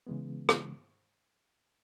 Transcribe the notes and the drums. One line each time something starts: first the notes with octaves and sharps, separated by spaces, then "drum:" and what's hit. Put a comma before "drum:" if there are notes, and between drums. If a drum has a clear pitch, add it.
C#3 E3 G#3 B3
drum: rim click